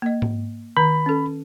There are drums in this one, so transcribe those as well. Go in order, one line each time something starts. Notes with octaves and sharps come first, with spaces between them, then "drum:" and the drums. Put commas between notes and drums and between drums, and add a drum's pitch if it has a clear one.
A#3 D#5
drum: tom G#2
D#3 B5
C#4 A4